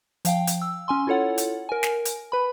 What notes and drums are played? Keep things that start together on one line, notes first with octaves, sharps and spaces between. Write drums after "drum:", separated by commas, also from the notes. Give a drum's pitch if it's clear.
F3 F5 G5, drum: hi-hat
drum: hi-hat
E6
C#4 G#5 C6
E4 F4 A4 C#5 F#5
drum: hi-hat
A#4 G#5
drum: snare
drum: hi-hat
B4 B5